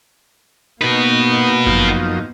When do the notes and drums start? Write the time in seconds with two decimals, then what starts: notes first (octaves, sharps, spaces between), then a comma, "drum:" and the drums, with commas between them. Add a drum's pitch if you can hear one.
0.81 A#3 B3 D#4 F#4 B4
1.66 F#2 F3 D#4, drum: kick G1